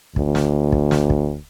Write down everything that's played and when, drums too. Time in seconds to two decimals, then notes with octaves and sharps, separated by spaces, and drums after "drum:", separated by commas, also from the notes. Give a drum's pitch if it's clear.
0.16 D2, drum: kick
0.35 drum: snare
0.72 drum: kick
0.91 drum: snare
1.10 drum: kick